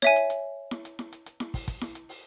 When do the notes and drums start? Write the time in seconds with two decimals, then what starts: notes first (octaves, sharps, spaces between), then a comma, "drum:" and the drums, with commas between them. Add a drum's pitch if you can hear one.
0.02 C#5 E5 G#5, drum: snare E4
0.16 drum: hi-hat
0.30 drum: hi-hat
0.71 drum: snare E4
0.85 drum: hi-hat
0.99 drum: snare E4
1.13 drum: hi-hat
1.26 drum: hi-hat
1.40 drum: snare E4
1.54 drum: kick, open hi-hat
1.68 drum: kick, hi-hat
1.81 drum: snare E4
1.95 drum: hi-hat
2.09 drum: open hi-hat